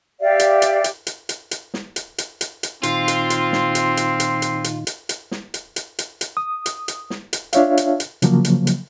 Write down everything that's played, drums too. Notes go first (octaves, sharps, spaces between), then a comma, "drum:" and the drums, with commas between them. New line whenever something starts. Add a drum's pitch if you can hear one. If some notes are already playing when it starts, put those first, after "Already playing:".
G4 D5 E5 F5
drum: hi-hat
drum: hi-hat
drum: hi-hat
drum: hi-hat
drum: hi-hat
drum: hi-hat
drum: snare
drum: hi-hat
drum: hi-hat
drum: hi-hat
drum: hi-hat
A#2 D#3 C4 D#4 F4 C6, drum: hi-hat
drum: hi-hat
drum: hi-hat
drum: snare
drum: hi-hat
drum: hi-hat
drum: hi-hat
drum: hi-hat
drum: hi-hat
drum: hi-hat
drum: hi-hat
drum: snare
drum: hi-hat
drum: hi-hat
drum: hi-hat
drum: hi-hat
D#6
drum: hi-hat
drum: hi-hat
drum: snare
drum: hi-hat
D4 F4 C#5 E5 F5, drum: hi-hat
drum: hi-hat
drum: hi-hat
C#3 F3 F#3 A#3, drum: hi-hat
drum: hi-hat
drum: hi-hat